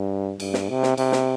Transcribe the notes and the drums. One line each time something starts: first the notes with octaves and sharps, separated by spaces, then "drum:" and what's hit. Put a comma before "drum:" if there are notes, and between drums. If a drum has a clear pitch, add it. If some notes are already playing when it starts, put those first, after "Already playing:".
Already playing: G2
G2, drum: cymbal
drum: snare
C3
drum: snare
C3, drum: cymbal
drum: snare